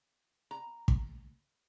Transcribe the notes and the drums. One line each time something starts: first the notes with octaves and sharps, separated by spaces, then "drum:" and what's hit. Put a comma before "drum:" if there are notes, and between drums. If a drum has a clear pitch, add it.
A#5
drum: kick